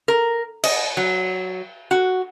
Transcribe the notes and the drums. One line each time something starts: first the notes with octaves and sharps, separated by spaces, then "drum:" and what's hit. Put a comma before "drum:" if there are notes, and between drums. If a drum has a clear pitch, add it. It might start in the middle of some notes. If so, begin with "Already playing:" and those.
A#4
D#5, drum: cymbal
F#3
F#4